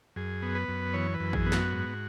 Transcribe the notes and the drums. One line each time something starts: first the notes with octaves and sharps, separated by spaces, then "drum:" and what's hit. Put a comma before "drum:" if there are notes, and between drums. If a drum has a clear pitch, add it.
F#2 G#4
B3
B4
F#2
E3 C#5
B4
F#2
G#4, drum: kick A1
B3
F#4, drum: snare
G#2